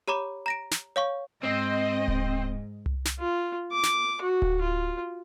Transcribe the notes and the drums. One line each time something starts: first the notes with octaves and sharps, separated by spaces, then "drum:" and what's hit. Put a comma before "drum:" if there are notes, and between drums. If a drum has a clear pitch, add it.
G4 C#5 A#5 B5 D6
A#5 A#6 D7
drum: snare
C#5 F5 C#6
G#2 C4 D#5
drum: kick D1
drum: tom C2
drum: snare
F4
D6
drum: snare
F#4
drum: kick D1
F4